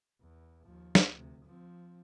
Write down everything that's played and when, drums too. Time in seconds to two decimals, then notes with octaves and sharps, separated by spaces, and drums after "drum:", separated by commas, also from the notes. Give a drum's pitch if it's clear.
0.21 E2
0.64 D#2 F3
0.95 drum: snare
1.13 D2 C3
1.45 F3 C4